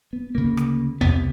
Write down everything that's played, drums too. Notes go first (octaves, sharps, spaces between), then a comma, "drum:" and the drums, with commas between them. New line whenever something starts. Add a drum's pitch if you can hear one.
B3
D2 C#3 A#3
drum: rim click
C2 C3 B3, drum: tom D#2